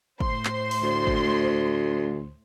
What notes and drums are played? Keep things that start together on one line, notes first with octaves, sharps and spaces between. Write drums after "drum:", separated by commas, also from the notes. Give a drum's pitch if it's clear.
A2 C5 C6, drum: kick
drum: clap
drum: open hi-hat
D2
drum: kick